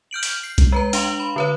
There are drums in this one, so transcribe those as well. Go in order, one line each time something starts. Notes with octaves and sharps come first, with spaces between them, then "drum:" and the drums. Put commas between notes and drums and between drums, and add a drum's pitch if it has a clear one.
F6 G6 D7 F#7
drum: open hi-hat
C7
drum: kick C2, hi-hat
G#3 B4 A#5
D4 F5 C6 D7 F7 F#7, drum: open hi-hat
B5
D3 B4 C#5